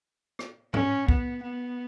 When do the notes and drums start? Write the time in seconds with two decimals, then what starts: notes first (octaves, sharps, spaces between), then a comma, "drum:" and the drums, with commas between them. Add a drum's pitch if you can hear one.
0.39 drum: rim click
0.74 C#4, drum: tom G#2
1.08 B3, drum: kick C2
1.43 B3